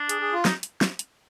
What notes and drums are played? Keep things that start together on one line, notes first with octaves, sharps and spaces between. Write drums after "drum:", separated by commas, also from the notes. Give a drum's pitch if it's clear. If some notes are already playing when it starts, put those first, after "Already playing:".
Already playing: D4
G#4, drum: hi-hat
G#4
F4
D#4, drum: snare
drum: hi-hat
drum: snare
drum: hi-hat